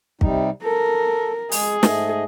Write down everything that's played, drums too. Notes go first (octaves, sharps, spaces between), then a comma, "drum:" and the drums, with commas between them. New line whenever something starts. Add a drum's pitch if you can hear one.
C3 G3 D#4, drum: kick
A4 A#4
G#3 G#4, drum: open hi-hat
G#2 A3 D#5, drum: snare